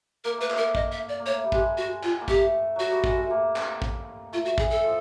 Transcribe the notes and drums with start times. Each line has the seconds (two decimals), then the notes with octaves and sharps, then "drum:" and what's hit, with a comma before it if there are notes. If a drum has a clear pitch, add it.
0.25 A#3 A#4
0.38 A3 B4
0.50 A#3, drum: clap
0.58 A#4
0.75 D#5, drum: kick
0.92 E5
1.09 D5
1.19 A#3
1.26 A3 C#5
1.43 G3
1.52 G#3 G4, drum: kick
1.77 F#4
2.03 F4, drum: clap
2.21 A#3
2.28 A3 G4, drum: kick
2.76 F#3 F#4
2.90 G3
3.04 G#3, drum: kick
3.16 A3
3.30 A#3
3.56 drum: clap
3.82 drum: kick
4.32 A3 F4
4.45 F#4
4.58 E3 G#4, drum: kick
4.70 A4
4.84 F3